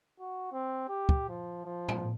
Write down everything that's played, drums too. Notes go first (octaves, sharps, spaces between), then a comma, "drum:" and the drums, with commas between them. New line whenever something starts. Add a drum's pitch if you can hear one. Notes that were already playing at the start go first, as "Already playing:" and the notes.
F#4
C4
G4
drum: kick
F3
F3
drum: tom